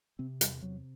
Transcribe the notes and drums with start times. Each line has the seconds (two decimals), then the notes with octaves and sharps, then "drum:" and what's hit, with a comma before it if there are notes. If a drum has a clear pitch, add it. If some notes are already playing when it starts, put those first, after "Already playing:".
0.19 C3 C4
0.41 E2 G3, drum: hi-hat
0.63 C3 F#3